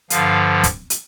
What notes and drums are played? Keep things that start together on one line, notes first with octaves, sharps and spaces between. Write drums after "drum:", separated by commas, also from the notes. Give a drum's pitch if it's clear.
G2 D3 F3 F5, drum: hi-hat
drum: kick, hi-hat
drum: hi-hat